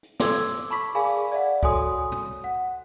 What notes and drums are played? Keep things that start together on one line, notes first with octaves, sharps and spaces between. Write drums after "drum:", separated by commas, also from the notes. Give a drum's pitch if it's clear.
drum: hi-hat
A4 C6 D6 E6 G#6, drum: snare
A5 B5 C#6 D6 B6
G#4 A#4 D5 F5 G#5 B5, drum: open hi-hat
D5 E5 F#5
F#4 A4 C#5 G#5 C6 D#6, drum: kick C#2
drum: tom
F#5